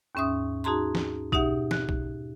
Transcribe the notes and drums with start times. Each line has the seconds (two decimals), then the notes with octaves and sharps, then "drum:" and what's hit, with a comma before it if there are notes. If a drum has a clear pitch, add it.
0.15 D#2 G#2 C#4 E5 D#6
0.64 D#4 F#4 G#4 A5 A#5 C6
0.95 drum: snare
1.32 B2 D#4 G4 E5 F#5, drum: kick B1
1.71 F#6, drum: snare
1.89 drum: kick B1